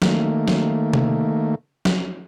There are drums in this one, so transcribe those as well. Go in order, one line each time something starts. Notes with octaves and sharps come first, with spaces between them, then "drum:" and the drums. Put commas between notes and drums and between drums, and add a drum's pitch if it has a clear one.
D#3 A3 A#3, drum: snare
drum: snare
drum: tom C3
drum: snare